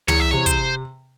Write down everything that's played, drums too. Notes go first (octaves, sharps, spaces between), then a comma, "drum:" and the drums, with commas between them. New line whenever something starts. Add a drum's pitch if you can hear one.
E2 C#5, drum: tom
E5
C3 C#5
C5, drum: kick, hi-hat